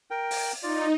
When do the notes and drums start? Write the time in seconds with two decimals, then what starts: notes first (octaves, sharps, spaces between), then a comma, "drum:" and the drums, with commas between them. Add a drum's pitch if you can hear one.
0.11 A#4 G5
0.31 drum: open hi-hat
0.63 D#4 F4 D5